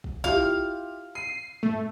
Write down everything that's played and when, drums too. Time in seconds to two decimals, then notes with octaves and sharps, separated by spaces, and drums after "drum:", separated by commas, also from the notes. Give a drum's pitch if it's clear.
0.04 drum: kick
0.24 E4 F4 G4 F5, drum: kick
1.15 C7 D#7
1.63 A3, drum: tom G2